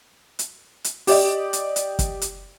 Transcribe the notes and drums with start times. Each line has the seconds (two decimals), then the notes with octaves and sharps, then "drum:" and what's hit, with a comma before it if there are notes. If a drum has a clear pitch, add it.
0.39 drum: hi-hat
0.84 drum: hi-hat
1.07 G4 D5 D#5, drum: open hi-hat
1.53 drum: hi-hat
1.76 drum: hi-hat
1.99 drum: kick, hi-hat
2.22 drum: hi-hat